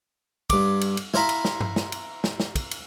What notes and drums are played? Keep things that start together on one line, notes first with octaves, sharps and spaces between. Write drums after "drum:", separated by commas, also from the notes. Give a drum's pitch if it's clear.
G2 D6, drum: kick, cymbal
drum: cymbal
drum: cymbal
E4 C5 F5 A#5 B5, drum: snare
drum: cymbal
drum: snare
drum: tom G2
drum: snare
drum: cymbal
drum: snare
drum: snare
drum: kick, cymbal
drum: cymbal